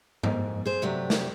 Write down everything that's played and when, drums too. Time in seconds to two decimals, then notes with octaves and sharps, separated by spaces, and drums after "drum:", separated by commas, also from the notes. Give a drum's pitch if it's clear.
0.23 G#2, drum: tom G2
0.65 G#4 C5
0.82 C3 F#3 A3 D4 G4
1.10 drum: snare